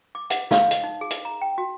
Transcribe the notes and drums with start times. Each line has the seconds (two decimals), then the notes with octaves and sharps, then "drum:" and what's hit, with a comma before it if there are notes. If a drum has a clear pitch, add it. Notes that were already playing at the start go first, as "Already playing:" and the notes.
0.15 D6
0.30 F#5, drum: hi-hat
0.51 F5, drum: snare
0.71 drum: hi-hat
0.84 D#4
1.01 G#4
1.10 drum: hi-hat
1.25 A#5
1.41 G5
1.58 F#4